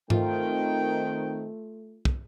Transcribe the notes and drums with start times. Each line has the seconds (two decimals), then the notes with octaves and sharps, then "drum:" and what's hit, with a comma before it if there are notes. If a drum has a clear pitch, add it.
0.10 D#3 A3 C4 F4 G5, drum: tom G#2
2.05 drum: kick